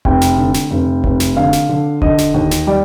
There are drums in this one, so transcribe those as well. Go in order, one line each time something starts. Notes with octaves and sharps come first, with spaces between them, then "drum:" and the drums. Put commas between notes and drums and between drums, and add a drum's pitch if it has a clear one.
F1 G5, drum: kick E1
drum: snare
D3
drum: snare
F1
F1, drum: kick E1
drum: snare
D3 F5
drum: snare
D3
D3 D#5, drum: kick E1
drum: snare
D#2
drum: snare
G3 D5